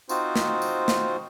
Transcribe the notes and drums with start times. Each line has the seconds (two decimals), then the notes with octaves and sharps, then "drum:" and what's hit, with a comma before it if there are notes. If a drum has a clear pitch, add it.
0.09 C4 D#4 F4 F#4 C5, drum: tambourine
0.36 drum: snare
0.62 drum: tambourine
0.88 drum: snare